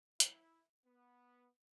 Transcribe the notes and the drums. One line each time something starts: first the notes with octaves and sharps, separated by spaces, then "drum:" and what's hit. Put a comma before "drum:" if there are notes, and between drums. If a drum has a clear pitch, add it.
E4, drum: hi-hat
B3